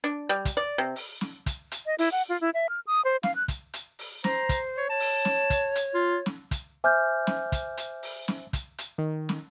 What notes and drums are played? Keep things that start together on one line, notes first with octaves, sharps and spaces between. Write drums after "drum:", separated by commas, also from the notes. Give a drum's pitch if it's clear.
D4
G3
drum: kick, hi-hat
D5
C3
drum: open hi-hat
drum: snare
drum: kick, hi-hat
drum: hi-hat
D#5
E4, drum: open hi-hat
F#5
F4
E4
E5
F6
D#6
C5
F5, drum: snare
F#6
drum: kick, hi-hat
drum: hi-hat
drum: open hi-hat
C5 A#5, drum: snare
drum: kick, hi-hat
C#5
C#5 A5
drum: open hi-hat
drum: snare
drum: kick, hi-hat
drum: hi-hat
F4
drum: snare
drum: kick, hi-hat
C5 E5 G#5 D6 F6 G6
drum: snare
drum: kick, hi-hat
drum: hi-hat
drum: open hi-hat
drum: snare
drum: kick, hi-hat
drum: hi-hat
D#3
drum: snare